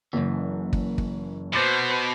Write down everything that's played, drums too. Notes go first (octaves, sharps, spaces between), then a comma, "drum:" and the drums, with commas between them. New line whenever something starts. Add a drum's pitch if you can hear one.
F#1 F#2 E3
drum: kick
drum: kick
B2 B4 C5 B5 D6 A6